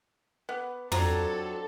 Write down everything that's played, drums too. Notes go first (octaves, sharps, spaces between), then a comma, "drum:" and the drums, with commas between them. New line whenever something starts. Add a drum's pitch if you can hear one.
B3 D6
F#3 C4 D4 F4 A4 A#5, drum: tom